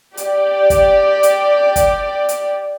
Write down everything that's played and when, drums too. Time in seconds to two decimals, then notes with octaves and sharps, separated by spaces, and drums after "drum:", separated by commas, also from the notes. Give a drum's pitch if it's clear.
0.17 G4 D5, drum: hi-hat
0.70 drum: kick, hi-hat
1.23 drum: hi-hat
1.76 drum: kick, hi-hat
2.29 drum: hi-hat